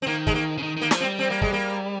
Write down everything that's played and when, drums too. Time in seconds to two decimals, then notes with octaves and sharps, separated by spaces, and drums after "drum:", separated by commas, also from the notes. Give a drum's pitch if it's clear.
0.02 C4
0.07 D#3 A#3
0.27 G#3, drum: kick
0.34 A#3
0.58 C#3
0.63 D#3
0.77 D#3 A#3
0.91 F3, drum: snare
1.00 C4
1.04 G3
1.19 C4
1.30 A#3
1.42 G#3, drum: kick
1.52 A#3